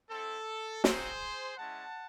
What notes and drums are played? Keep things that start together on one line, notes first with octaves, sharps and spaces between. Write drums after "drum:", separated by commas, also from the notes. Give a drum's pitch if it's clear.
C4 E4 A4
C4 D#4 F#4 G#4 C5, drum: snare
G#3 C#4 E4 F#5 A5